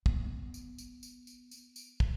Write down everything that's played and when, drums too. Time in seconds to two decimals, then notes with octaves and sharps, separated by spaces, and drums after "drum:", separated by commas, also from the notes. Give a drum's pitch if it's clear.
0.06 B3, drum: kick
0.25 B3
0.54 drum: tambourine
0.78 drum: tambourine
1.03 drum: tambourine
1.27 drum: tambourine
1.51 drum: tambourine
1.76 drum: tambourine
2.00 drum: kick